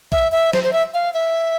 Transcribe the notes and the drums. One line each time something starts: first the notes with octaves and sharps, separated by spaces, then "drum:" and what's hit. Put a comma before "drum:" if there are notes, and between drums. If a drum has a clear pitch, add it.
E5, drum: kick B1
E5
C5, drum: snare
C5
E5
F5
E5